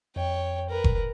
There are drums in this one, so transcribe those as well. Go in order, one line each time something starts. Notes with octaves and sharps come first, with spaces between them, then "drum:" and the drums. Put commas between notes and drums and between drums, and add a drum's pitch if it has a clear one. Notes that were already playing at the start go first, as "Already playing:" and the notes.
F2 C#5 G5
A#4 B4
drum: kick F1